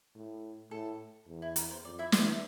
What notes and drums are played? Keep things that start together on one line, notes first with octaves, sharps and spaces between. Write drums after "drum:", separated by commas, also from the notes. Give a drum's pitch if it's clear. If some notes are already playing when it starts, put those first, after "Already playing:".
A2
A2 A4
E2
E4
A#4, drum: hi-hat
C5
F2 D5
E4 E5
E3 D5, drum: snare
E5